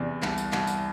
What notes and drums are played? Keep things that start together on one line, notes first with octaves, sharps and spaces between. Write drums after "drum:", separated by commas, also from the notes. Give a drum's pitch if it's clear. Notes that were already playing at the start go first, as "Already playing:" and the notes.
Already playing: E2 C3 D5
C2, drum: clap
drum: tambourine
C2, drum: clap
drum: tambourine